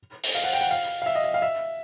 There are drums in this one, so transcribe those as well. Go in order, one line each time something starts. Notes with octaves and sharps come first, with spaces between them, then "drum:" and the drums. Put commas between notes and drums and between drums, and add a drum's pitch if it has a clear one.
drum: open hi-hat
F5
F#5
G5
F#5
F5
F5
E5
D#5
E5
F5
E5